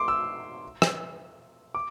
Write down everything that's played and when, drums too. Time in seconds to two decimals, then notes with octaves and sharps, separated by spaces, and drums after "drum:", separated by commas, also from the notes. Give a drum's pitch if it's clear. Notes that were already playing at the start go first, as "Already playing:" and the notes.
Already playing: C6 D6
0.08 E6
0.82 drum: rim click
1.75 D6